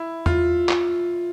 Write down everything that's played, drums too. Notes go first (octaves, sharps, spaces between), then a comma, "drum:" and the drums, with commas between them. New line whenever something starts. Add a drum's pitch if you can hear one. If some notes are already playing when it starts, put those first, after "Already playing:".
Already playing: E4
F4, drum: tom E2
drum: clap